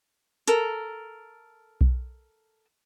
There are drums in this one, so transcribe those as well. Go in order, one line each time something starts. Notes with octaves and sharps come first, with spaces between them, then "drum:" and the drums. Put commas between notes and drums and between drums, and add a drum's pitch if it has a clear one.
A4 A#4, drum: hi-hat
drum: kick B1